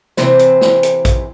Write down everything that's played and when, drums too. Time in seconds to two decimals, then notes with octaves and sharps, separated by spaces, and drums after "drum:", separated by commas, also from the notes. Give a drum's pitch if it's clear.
0.17 C3 E3 C5, drum: snare
0.39 drum: hi-hat
0.61 drum: snare
0.83 drum: hi-hat
1.05 drum: kick, hi-hat